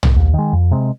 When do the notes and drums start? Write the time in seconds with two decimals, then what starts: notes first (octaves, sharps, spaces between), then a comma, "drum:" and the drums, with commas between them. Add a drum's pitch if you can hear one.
0.03 drum: tom
0.16 D#2
0.34 D#3 G#3
0.53 F2
0.71 C3 G#3 C4